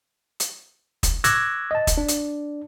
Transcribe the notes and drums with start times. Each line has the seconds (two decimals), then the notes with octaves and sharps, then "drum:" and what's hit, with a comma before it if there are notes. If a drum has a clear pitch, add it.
0.40 drum: hi-hat
1.03 drum: kick, hi-hat
1.24 C#6 D6 E6 F#6 G#6 A#6, drum: hi-hat
1.71 D#5 A5
1.87 drum: kick, hi-hat
1.97 D4
2.08 drum: hi-hat